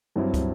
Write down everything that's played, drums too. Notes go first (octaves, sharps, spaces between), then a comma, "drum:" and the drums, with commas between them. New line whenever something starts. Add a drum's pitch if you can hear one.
G2 F#3 C4 E4
drum: kick, hi-hat